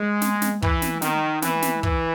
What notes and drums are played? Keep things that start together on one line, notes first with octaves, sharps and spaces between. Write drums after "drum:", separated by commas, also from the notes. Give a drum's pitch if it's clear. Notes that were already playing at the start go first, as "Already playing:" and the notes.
Already playing: G#3
drum: snare
drum: snare
E3, drum: kick
drum: snare
D#3, drum: snare
E3, drum: snare
drum: snare
E3, drum: kick